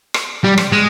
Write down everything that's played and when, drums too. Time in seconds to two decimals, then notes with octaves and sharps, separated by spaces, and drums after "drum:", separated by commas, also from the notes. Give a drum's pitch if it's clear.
0.14 drum: rim click
0.44 G3
0.58 drum: rim click
0.72 G#3